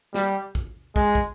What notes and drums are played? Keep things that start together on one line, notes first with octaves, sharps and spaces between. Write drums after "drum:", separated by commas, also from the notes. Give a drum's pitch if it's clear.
G3, drum: snare
drum: kick
G#3, drum: kick
drum: kick